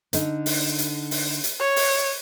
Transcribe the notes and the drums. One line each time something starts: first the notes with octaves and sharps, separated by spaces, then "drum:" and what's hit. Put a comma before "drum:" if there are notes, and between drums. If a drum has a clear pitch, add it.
D3 D#4, drum: hi-hat
drum: open hi-hat
drum: hi-hat
drum: open hi-hat
drum: hi-hat
C#5
drum: open hi-hat